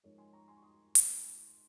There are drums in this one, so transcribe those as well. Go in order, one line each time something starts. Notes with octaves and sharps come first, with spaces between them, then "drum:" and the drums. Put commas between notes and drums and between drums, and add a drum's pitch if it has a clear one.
G#2 F3 G#3 A#4 C#5
G#5 C6
A#5 C#6
G#5 C6
C#6
C6 D#6
drum: hi-hat